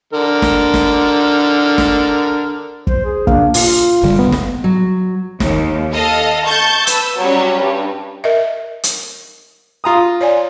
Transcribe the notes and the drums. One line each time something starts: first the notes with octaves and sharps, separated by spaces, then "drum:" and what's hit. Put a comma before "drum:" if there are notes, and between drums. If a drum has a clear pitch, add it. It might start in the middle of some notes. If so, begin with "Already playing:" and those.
D3 A#4
drum: snare
drum: snare
drum: snare
C5, drum: kick
G#4
C#2 A#3 D4 F5, drum: kick
A#2 F4, drum: open hi-hat
F1 D3 G3
B3
drum: snare
F#3
D#2, drum: snare
A4 D#5 F5
A5 C#6 G6 A6
B4 E6, drum: hi-hat
F#3 G3 C#4
G2
A#4 D#5 E5
drum: hi-hat
F4 A#5 D#6
C#5 D5 G#5